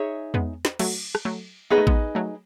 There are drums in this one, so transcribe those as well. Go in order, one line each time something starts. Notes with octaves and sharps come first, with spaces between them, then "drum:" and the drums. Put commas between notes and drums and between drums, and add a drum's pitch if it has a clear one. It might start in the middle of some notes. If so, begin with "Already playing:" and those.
Already playing: D#4 G#4 C#5 E5
G#3 B3, drum: tom E2
drum: snare
F#3 A3, drum: cymbal
drum: rim click
F#3 A3
B3 D#4 G#4 B4 D#5
A3
G#3 B3, drum: kick A1
F#3 A3